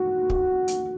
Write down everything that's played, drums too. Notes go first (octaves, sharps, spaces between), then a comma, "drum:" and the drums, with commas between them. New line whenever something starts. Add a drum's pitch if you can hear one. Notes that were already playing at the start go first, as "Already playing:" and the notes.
Already playing: F#4
drum: kick
drum: hi-hat